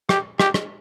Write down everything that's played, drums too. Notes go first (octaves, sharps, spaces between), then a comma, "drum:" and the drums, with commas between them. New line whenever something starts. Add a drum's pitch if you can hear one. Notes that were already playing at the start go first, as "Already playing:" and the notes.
G4, drum: rim click
G4, drum: rim click
drum: rim click